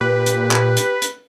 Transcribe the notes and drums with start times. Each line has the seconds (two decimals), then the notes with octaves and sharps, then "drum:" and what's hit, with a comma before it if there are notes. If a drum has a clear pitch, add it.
0.01 A#2 G4 B4
0.26 drum: hi-hat
0.51 drum: clap
0.77 drum: hi-hat
1.02 drum: hi-hat